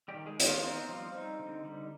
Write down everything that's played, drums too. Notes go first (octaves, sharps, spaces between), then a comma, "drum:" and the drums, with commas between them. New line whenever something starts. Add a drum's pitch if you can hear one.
G3 G4
D#3
G#3 G#4
B3, drum: hi-hat
F3 F4
C4 D#4
F3 G3 F4
C4 D#4
D3
G3